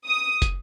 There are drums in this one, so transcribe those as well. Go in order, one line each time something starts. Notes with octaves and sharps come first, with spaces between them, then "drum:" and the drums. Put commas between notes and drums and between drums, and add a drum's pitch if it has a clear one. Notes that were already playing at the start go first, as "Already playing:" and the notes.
D#6
drum: kick, hi-hat